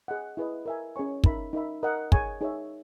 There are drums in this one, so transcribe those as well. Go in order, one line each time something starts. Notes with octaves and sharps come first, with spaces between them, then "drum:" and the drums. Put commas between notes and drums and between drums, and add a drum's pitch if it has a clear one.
G#4 D#5 F#5
E4 G#4 B4 D#5
A#4 E5 G#5
C#4 G#4 C#5 G#5 C#6
D#4 A#4 E5 B5, drum: kick
D#4 A#4 E5 B5
A#4 D#5 F#5
G#4 C#5 G#5 C#6, drum: kick
D#4 G#4 C#5 E5